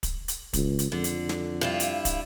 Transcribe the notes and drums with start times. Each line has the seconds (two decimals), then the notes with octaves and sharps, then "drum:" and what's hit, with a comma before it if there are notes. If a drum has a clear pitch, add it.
0.03 drum: kick, hi-hat
0.28 drum: hi-hat
0.53 C#2, drum: kick, hi-hat
0.79 drum: hi-hat
0.92 F2 D3
1.04 drum: hi-hat
1.29 drum: snare
1.61 G2 E4 F4
1.80 drum: hi-hat
2.05 drum: kick, hi-hat